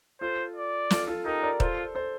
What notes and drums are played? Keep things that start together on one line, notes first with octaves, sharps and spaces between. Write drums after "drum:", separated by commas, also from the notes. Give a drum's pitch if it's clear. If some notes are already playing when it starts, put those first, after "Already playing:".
F4 A4 C5
D5
F4 A4, drum: snare
F4 A4
D#4 G4 A#4
A#4 D5
F4 A4 C5, drum: kick D#1
A4 C5